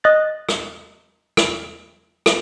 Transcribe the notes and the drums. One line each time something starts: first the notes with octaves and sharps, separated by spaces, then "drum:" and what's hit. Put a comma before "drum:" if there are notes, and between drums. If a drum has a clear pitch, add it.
D#5 F#6 A6
drum: rim click
drum: rim click
drum: rim click